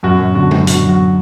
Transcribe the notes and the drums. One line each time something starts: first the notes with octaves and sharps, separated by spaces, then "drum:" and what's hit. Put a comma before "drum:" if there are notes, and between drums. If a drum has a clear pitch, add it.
F#2 F#4
F#2
D3 F#4
F#2, drum: tom G#3
D3 F#4, drum: hi-hat
F#3 F#4